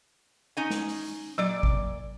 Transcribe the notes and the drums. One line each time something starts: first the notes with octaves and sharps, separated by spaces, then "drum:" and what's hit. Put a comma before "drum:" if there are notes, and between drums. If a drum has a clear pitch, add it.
C#4 D#4 G#5
drum: snare
drum: open hi-hat
A#2 F#3 D5
drum: kick G#1